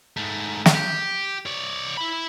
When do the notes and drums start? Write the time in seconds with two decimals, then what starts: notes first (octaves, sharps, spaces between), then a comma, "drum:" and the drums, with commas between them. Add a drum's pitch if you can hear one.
0.17 G#2 A3
0.66 drum: snare
0.75 G4
1.46 C#5 D5
1.97 E4 B5